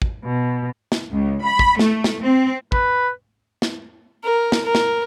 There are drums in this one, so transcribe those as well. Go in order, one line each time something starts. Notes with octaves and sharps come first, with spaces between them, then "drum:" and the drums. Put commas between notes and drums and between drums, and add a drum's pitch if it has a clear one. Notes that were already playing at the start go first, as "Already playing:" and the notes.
drum: kick
B2
drum: snare
C#2
B5
drum: kick
A3, drum: snare
drum: snare
C4
B4, drum: kick
drum: snare
A#4
drum: snare
A#4
drum: snare